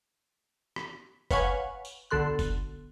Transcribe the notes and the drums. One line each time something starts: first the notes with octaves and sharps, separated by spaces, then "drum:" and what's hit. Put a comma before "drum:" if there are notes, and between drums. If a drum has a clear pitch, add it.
drum: rim click
B4 C#5 F5 F#5 G#5 C#6, drum: kick F#1, tambourine
drum: tambourine
B1 D3 A4 C6 F#6
drum: kick F#1, tambourine